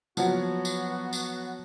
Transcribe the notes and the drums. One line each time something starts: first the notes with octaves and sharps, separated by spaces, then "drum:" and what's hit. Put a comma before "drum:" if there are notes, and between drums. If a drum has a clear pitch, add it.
F3 F#3 B3 F#4 C#5, drum: tambourine
drum: tambourine
drum: tambourine